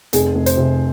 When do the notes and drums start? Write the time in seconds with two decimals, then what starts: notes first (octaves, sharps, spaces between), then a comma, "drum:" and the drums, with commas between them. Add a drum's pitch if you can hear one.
0.13 F1 G#4, drum: hi-hat
0.35 F1
0.46 C5, drum: hi-hat
0.57 C3